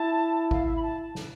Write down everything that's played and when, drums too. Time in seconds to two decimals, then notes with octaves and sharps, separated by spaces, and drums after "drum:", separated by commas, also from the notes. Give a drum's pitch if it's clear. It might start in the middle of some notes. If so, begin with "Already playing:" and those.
Already playing: E4 A5
0.51 F5, drum: kick G#1
0.66 E5
0.76 B5
0.83 A5
1.15 drum: snare